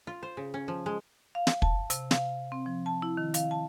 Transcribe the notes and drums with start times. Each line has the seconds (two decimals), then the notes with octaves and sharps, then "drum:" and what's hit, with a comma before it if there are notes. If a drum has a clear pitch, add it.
0.07 F4
0.23 C5
0.37 C#3
0.54 C#4
0.68 F3
0.86 G#3
1.35 F5
1.47 drum: snare
1.62 A5, drum: kick
1.90 C3, drum: hi-hat
2.11 F5, drum: snare
2.52 C4
2.66 F3
2.86 A5
3.02 E4
3.17 D#3
3.34 F5, drum: hi-hat
3.51 A5